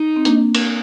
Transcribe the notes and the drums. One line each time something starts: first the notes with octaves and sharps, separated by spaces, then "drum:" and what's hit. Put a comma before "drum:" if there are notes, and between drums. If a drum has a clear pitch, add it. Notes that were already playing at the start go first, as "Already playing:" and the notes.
Already playing: D#4
C4
A#3 D4, drum: hi-hat
drum: cymbal